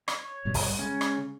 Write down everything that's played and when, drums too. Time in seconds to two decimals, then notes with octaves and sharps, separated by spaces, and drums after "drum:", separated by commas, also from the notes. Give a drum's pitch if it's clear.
0.08 C#5, drum: rim click
0.45 G2 B2 G3
0.54 drum: kick, open hi-hat
0.79 C#3 G#3 C#4
1.01 drum: rim click